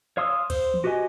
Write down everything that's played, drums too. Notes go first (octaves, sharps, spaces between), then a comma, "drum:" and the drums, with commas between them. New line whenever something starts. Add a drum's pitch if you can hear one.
C#5 F5 C6 D#6 E6
C5, drum: kick, cymbal
drum: tom
F#4 G4 B4 D#5 G#5